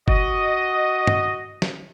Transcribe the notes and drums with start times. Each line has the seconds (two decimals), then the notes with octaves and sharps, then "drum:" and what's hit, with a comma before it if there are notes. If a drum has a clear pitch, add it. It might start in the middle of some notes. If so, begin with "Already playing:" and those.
0.08 F#4 D#5, drum: kick F#1
1.07 drum: tom G2
1.62 drum: snare